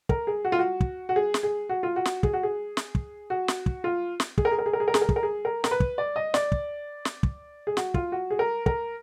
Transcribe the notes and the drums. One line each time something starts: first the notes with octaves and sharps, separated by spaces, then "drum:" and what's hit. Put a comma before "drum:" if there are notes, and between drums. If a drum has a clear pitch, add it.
A#4, drum: kick
G#4
F#4
F4
F#4
drum: kick
F#4
G#4
drum: snare
G#4
F#4
F4
F#4
drum: snare
G#4, drum: kick
F#4
G#4
drum: snare
drum: kick
F#4
drum: snare
drum: kick
F4
drum: snare
G#4, drum: kick
A#4
G#4
A#4
G#4
A#4
G#4
A#4
G#4, drum: snare
A#4
G#4, drum: kick
A#4
G#4
A#4
A#4, drum: snare
B4
drum: kick
D5
D#5
D5, drum: snare
drum: kick
drum: snare
drum: kick
G#4
F#4, drum: snare
F4, drum: kick
F#4
G#4
A#4
A#4, drum: kick